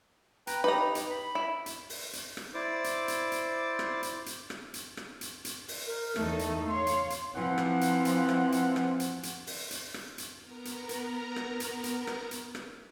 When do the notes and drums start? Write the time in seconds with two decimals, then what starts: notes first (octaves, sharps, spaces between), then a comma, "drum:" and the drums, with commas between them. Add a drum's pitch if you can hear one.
0.47 B4 G5 A#5, drum: hi-hat
0.64 D#4 G4 B4 A#5
0.95 drum: hi-hat
1.10 B5
1.35 E4
1.66 drum: hi-hat
1.90 drum: open hi-hat
2.13 drum: hi-hat
2.37 drum: rim click
2.54 E4 C5 D5 D6
2.84 drum: hi-hat
3.08 drum: hi-hat
3.32 drum: hi-hat
3.79 drum: rim click
4.03 drum: hi-hat
4.26 drum: hi-hat
4.50 drum: rim click
4.74 drum: hi-hat
4.97 drum: rim click
5.21 drum: hi-hat
5.45 drum: hi-hat
5.68 drum: open hi-hat
5.87 A#4
6.16 E2 A3 D#4 A4, drum: rim click
6.39 drum: hi-hat
6.68 C#5 F5 C6
6.87 drum: hi-hat
7.10 drum: hi-hat
7.35 E3 F3 C4 F#5
7.58 drum: rim click
7.81 drum: hi-hat
8.05 drum: hi-hat
8.29 drum: rim click
8.52 drum: hi-hat
8.76 drum: rim click
9.00 drum: hi-hat
9.23 drum: hi-hat
9.47 drum: open hi-hat
9.71 drum: hi-hat
9.94 drum: rim click
10.18 drum: hi-hat
10.42 B3 A#4 A#5
10.65 drum: hi-hat
10.89 drum: hi-hat
11.36 drum: rim click
11.60 drum: hi-hat
11.84 drum: hi-hat
12.07 drum: rim click
12.31 drum: hi-hat
12.55 drum: rim click